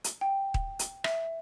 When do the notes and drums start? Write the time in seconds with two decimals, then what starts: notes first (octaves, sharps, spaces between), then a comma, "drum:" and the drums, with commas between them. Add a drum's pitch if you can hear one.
0.04 drum: hi-hat
0.21 G5
0.54 drum: kick D#1
0.79 drum: hi-hat
1.04 E5, drum: rim click